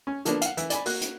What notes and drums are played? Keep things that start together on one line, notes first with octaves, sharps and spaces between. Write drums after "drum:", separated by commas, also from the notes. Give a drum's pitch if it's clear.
C#4
D3 F3 A#3 B3 D4, drum: hi-hat
F5 F#5, drum: hi-hat
E3, drum: hi-hat
D5 G#5 B5, drum: hi-hat
A#3 F#4 F#6, drum: open hi-hat
drum: hi-hat